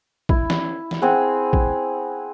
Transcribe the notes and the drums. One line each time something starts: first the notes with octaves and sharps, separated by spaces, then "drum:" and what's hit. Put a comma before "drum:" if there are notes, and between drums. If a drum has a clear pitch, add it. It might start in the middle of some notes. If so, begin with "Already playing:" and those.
E4, drum: kick A#1
drum: snare
drum: snare
C4 G#4 F#5
drum: kick A#1